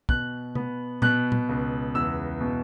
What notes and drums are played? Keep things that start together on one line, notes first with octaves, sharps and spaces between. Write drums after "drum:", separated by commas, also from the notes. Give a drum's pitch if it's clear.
B2 F#6, drum: kick
B3, drum: tom C3
B2 F#6, drum: tom A#2
drum: tom A#2
C#2
E2 E6
B2